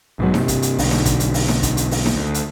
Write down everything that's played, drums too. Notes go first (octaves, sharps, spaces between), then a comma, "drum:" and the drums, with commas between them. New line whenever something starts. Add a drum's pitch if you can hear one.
B1 G#2 B2 F#3
G2 C3, drum: snare D#4
drum: kick, hi-hat
drum: hi-hat
B1 D3, drum: open hi-hat
drum: snare D#4
drum: kick, hi-hat
drum: hi-hat
drum: open hi-hat
drum: snare D#4
drum: kick, hi-hat
drum: hi-hat
drum: open hi-hat
drum: snare D#4
D2
drum: hi-hat